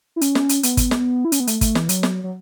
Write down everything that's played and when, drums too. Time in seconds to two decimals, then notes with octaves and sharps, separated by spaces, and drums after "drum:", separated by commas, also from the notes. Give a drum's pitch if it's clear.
0.16 E4
0.21 C#4, drum: hi-hat
0.35 drum: snare
0.49 drum: hi-hat
0.63 B3, drum: hi-hat
0.77 drum: kick, hi-hat
0.91 drum: snare
1.25 E4
1.32 C#4, drum: hi-hat
1.40 B3
1.47 A3, drum: hi-hat
1.61 A3, drum: kick, hi-hat
1.75 E3, drum: snare
1.89 F#3, drum: hi-hat
2.03 drum: snare
2.24 F#3